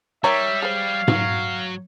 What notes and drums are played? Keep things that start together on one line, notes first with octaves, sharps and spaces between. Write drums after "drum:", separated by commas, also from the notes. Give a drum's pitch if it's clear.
D#3 G3 G4 C#5 E5 A#5
G#4 C5 F5
F#3, drum: tom G#2